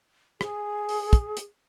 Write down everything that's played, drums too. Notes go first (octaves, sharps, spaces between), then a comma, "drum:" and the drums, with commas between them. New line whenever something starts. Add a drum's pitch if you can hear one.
G#4, drum: rim click
drum: open hi-hat
drum: kick, hi-hat
drum: hi-hat